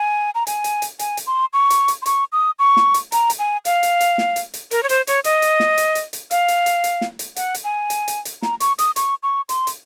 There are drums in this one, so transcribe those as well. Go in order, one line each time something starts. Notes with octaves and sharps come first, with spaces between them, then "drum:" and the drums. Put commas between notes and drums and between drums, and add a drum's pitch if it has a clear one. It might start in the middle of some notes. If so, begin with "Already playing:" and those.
Already playing: G#5
A#5
G#5, drum: hi-hat
drum: hi-hat
drum: hi-hat
G#5, drum: hi-hat
drum: hi-hat
C6
C#6
drum: hi-hat
drum: hi-hat
C6
C#6, drum: hi-hat
D#6
C#6
drum: snare
drum: hi-hat
A#5, drum: hi-hat
drum: hi-hat
G#5
F5, drum: hi-hat
drum: hi-hat
drum: hi-hat
drum: snare
drum: hi-hat
drum: hi-hat
A#4, drum: hi-hat
C#5
C5, drum: hi-hat
C#5, drum: hi-hat
D#5, drum: hi-hat
drum: hi-hat
drum: snare
drum: hi-hat
drum: hi-hat
drum: hi-hat
F5, drum: hi-hat
drum: hi-hat
drum: hi-hat
drum: hi-hat
drum: snare
drum: hi-hat
F#5, drum: hi-hat
drum: hi-hat
G#5
drum: hi-hat
drum: hi-hat
drum: hi-hat
A#5, drum: snare
C#6, drum: hi-hat
D#6, drum: hi-hat
C#6, drum: hi-hat
C#6
C6, drum: hi-hat
drum: hi-hat